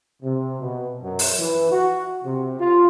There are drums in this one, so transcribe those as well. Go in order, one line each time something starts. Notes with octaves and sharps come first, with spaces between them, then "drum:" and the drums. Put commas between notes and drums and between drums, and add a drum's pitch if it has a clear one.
C3
B2
F#2
drum: open hi-hat
E3
F#4
C3
F4